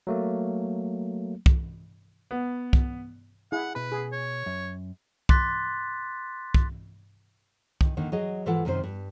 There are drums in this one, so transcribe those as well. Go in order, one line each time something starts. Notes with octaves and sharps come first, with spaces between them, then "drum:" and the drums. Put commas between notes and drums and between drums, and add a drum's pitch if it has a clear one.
F#3 A3 A#3
drum: kick
B3
drum: kick
E4 G#4 F#5
B2 B4 B5
G#4
C#5
F#2
C6 D6 F#6 A6 B6, drum: kick
drum: kick
D#3, drum: kick
D3 D#3 A#3
F#3 G#4 D#5
G#2 E3 F4 A4 F#5
F#2 C3 D#3 A4 C5
G2